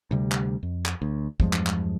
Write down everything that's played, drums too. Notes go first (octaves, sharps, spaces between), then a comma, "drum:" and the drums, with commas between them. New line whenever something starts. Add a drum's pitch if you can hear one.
D2 C3 G3
drum: clap
F2
drum: clap
D2
E2 G2 F3 G#3, drum: kick
drum: clap
drum: clap